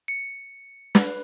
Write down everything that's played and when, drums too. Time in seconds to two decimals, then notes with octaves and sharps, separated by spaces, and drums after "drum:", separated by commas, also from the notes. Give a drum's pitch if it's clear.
0.08 C#7
0.95 B4, drum: snare